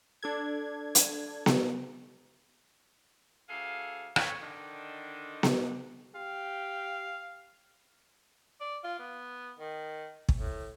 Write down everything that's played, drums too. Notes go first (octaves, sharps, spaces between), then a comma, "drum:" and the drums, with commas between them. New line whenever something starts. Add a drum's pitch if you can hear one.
D4 A4 G#6
drum: hi-hat
drum: snare B3
D2 G#4 A4 F5
F2 C4 C#4 A4 B4 C#5, drum: rim click
D3 D#3 D4
drum: snare B3
G4 F5
D5
F4
B3
D#3
drum: kick
A2